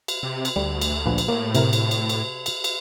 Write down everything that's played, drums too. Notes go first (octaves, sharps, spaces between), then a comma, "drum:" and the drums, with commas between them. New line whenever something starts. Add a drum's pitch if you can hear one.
drum: cymbal
C3
drum: cymbal
D2 G3
drum: cymbal
A#1 F3 B4
drum: cymbal
A2 A#3
C3 E4 A#4, drum: cymbal
drum: cymbal
drum: cymbal
drum: cymbal
drum: cymbal
drum: cymbal